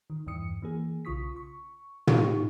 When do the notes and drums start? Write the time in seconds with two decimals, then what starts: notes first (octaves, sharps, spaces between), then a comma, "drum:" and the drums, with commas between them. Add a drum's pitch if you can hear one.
0.10 D#3
0.27 E2 G2 E3 D#6 C#7
0.62 E3 A#3 G#4
1.05 B1 C#3 F4 C#6 D#6 B6
1.36 C#6
2.07 drum: tom
2.21 D#4 F4 G4 C#6